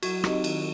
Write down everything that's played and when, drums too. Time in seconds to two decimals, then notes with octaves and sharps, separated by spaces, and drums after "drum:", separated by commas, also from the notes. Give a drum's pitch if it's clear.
0.03 F#3 F#4, drum: cymbal
0.24 C4 D#4 G4 D#5, drum: rim click
0.44 D#3, drum: cymbal